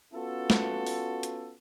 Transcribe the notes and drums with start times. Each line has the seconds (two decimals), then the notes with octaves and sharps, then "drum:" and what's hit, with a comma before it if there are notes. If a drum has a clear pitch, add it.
0.13 B3 C#4 F4 F#4 A4
0.50 drum: snare
0.87 drum: open hi-hat
1.23 drum: hi-hat